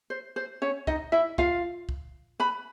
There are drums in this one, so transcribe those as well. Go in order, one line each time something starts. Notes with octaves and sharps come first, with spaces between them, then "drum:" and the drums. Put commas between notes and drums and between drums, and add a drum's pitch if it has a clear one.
C5
C5
C#4 C#5
D#4 D#5, drum: kick
E4 E5
F4 F5, drum: kick
drum: kick
B4 B5